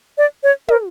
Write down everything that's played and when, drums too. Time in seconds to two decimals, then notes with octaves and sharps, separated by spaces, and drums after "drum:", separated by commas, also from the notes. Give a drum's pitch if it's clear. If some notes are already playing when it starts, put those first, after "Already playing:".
0.18 D5
0.43 C#5
0.68 A#4, drum: tom